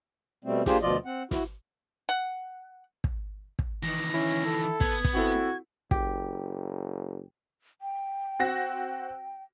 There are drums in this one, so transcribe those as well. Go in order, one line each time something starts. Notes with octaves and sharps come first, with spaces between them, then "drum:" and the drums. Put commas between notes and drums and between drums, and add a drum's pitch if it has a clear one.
B2 G3 A3 C4
A#3 D4 F4 G4 G#4 C5, drum: snare
D2 B2 F3 F4 D5 D#5
C4 F#5
E4 F#4, drum: snare
F#5
drum: kick
drum: kick
D#3 E3 A#6
C#4 E4
A4
B3 G#6, drum: kick
drum: kick
C4 E4 F#4 A4
F#1 G4, drum: kick
G5
C4 F#4 A#6